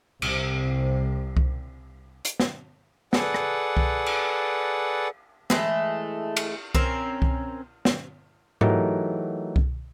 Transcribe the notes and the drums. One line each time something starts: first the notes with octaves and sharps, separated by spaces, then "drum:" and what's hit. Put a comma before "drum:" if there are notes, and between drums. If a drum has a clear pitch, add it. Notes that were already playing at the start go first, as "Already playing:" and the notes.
C2 C3, drum: cymbal
drum: kick C2
drum: hi-hat
drum: snare
G#4 A4 B4 D5 F#5, drum: snare
drum: rim click
drum: kick C2
drum: cymbal
E3 G#3 A3, drum: snare
drum: cymbal
C4 C#4 A#4, drum: kick C2
drum: kick C2
drum: snare
E3 F#3 A3 D#4 G4 A#4, drum: tom G#2
drum: kick C2